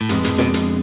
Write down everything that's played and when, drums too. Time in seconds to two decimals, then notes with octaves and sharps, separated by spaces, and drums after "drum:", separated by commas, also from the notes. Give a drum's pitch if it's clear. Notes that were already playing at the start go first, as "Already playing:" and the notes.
0.01 A2
0.09 F2 G#2 D3 G#3 B3 D4, drum: hi-hat
0.25 A2, drum: hi-hat
0.39 B2, drum: snare
0.54 drum: hi-hat